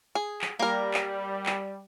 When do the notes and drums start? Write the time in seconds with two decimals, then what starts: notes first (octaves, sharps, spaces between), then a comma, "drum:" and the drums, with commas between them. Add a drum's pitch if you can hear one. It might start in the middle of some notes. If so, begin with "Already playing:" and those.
0.15 G#4
0.42 drum: clap
0.59 G3 A#3 A#4
0.94 drum: clap
1.46 drum: clap